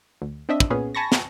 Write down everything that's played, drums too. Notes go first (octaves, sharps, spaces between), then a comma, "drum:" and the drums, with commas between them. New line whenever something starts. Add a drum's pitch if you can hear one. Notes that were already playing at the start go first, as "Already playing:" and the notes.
D2
C4 D4 D#5 E5
drum: kick
A#2 B3 C#4 G#4
G#5 A5 B5 C#6 A#6
drum: snare